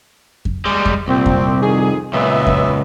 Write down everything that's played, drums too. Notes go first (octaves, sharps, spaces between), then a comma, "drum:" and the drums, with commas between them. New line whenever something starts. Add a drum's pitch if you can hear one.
drum: kick F2
G3 G#3
drum: kick F2
C2 A#2 C4
drum: kick F2
F2 D#3 G#4
C#2 A#2 B3 D#5 E5
drum: kick F2